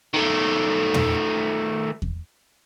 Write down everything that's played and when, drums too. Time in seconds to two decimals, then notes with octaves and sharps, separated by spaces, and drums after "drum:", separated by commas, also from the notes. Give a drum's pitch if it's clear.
0.14 D#3 A3
0.94 drum: tom
2.02 drum: kick E2